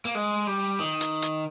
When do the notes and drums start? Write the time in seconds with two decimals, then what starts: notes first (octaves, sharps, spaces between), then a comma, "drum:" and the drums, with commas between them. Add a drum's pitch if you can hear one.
0.05 A#3
0.15 G#3
0.47 G3
0.80 D#3
1.01 drum: hi-hat
1.22 drum: hi-hat